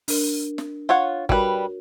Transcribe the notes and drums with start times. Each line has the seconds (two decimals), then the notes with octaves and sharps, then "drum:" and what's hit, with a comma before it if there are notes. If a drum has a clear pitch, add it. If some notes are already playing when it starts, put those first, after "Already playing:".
0.08 D4 A#4, drum: open hi-hat
0.58 drum: snare
0.89 F4 C#5 F#5 C#6
1.29 G3 F#4 A#4 B4 C#5, drum: kick